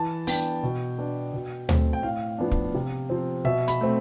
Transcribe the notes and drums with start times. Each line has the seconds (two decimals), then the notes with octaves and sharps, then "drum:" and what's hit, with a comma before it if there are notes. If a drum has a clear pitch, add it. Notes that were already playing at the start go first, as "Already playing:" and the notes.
Already playing: E3 A5
0.27 B3 D4 G5, drum: open hi-hat
0.63 B2
0.98 B3 D4
1.33 B2
1.69 A3 C4, drum: tom D2
1.93 G5
2.03 A2 F5
2.38 F3 B3 D4
2.51 drum: kick
2.74 C3
3.10 F3 C4
3.45 B2 E5
3.68 B5, drum: hi-hat
3.81 A3 C4